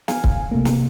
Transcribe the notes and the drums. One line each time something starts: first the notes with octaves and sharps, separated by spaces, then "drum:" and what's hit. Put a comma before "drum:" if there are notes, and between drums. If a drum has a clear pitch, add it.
F5 G#5, drum: snare
drum: kick C#1
C3 A3 A#3
drum: snare